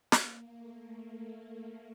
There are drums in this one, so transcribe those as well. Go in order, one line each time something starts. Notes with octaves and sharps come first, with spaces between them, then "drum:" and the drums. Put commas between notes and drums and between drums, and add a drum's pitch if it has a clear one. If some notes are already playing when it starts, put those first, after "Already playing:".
A#3, drum: snare
A3
A3
A#3